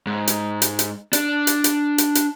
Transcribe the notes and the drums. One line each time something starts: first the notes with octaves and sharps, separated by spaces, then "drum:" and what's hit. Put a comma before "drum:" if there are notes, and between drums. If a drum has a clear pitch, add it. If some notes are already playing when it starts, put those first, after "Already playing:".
G#2
drum: hi-hat
drum: hi-hat
drum: hi-hat
D4, drum: hi-hat
drum: hi-hat
drum: hi-hat
drum: hi-hat
drum: hi-hat